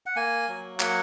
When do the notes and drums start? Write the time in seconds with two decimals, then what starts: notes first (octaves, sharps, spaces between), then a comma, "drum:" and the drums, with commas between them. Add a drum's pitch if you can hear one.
0.06 F#5
0.16 A#3 G#5
0.48 F#3
0.80 A#3 F#5, drum: clap